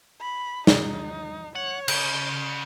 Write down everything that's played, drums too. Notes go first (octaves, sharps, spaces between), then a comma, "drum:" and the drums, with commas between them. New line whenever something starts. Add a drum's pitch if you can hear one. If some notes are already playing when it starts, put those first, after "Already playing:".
B5
D#4, drum: snare
C#5 F#5
C#3 G6 D7 G7, drum: cymbal